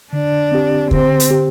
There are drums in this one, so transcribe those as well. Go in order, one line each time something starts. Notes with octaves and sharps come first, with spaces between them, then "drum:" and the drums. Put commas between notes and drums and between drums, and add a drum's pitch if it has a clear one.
D3 D4
C4 G4
D3 C4, drum: kick
drum: hi-hat
C4 G4